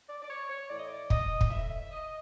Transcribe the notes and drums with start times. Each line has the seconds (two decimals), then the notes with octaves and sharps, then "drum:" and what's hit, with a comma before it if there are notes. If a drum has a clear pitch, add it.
0.09 D5
0.22 D5
0.30 C#5
0.50 C#5
0.70 A2 E3 D5
0.79 D#5
0.89 D5
1.10 D#5, drum: kick
1.41 drum: kick
1.51 A2 E3 E5
1.71 E5
1.91 D#5